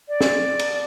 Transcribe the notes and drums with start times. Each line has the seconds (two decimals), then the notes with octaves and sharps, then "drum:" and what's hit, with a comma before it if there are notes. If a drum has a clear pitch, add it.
0.08 D5
0.21 drum: snare
0.59 drum: cymbal